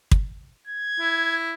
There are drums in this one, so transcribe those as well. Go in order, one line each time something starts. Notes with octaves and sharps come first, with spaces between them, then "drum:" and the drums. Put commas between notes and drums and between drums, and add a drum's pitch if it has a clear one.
drum: kick
G#6
E4